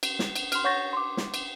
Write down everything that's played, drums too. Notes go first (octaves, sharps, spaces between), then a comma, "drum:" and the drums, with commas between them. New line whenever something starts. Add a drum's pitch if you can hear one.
drum: cymbal
drum: snare
drum: cymbal
C6 F6, drum: cymbal
C#5 F#5 C#6 G6 A6 A#6
C6 D6
drum: snare
drum: cymbal